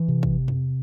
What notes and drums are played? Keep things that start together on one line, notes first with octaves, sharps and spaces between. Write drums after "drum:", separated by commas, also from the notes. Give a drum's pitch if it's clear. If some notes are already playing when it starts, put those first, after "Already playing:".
Already playing: E3
C3
drum: kick
drum: tom